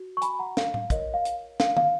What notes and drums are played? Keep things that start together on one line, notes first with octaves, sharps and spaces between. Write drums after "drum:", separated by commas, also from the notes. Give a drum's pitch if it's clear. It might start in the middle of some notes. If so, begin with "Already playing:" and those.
Already playing: F#4
C#6
G#5 B5, drum: hi-hat
F#5 A#5
F5, drum: snare
F5, drum: tom
F4 A#4 C#5 D#5, drum: kick, hi-hat
F5
drum: hi-hat
F5, drum: snare
F5, drum: tom